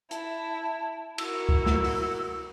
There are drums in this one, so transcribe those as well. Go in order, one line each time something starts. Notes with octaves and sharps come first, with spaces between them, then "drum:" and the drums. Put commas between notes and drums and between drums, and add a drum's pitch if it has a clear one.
E4 A5, drum: hi-hat
E4 F#4 A#4 E6, drum: cymbal
drum: kick C#2
drum: snare
drum: open hi-hat